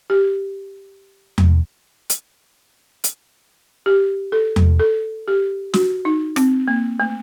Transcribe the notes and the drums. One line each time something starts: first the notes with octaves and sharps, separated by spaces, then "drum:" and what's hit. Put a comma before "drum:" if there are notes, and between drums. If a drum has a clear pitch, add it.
G4
drum: tom E2
drum: hi-hat
drum: hi-hat
G4
A4
drum: tom E2
A4
G4
F#4, drum: snare
D#4
C4, drum: rim click
A#3
A3